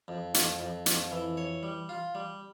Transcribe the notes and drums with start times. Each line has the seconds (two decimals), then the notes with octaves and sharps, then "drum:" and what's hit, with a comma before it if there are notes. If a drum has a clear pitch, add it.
0.08 F2
0.34 F2, drum: hi-hat
0.60 F2
0.86 F2, drum: hi-hat
1.12 E3
1.37 C#5
1.63 G3
1.89 F4
2.15 G3